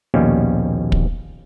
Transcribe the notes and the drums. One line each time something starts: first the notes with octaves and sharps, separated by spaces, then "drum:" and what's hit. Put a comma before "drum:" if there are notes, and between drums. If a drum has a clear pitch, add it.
A#1 D#2 B2 G3 C#4
drum: kick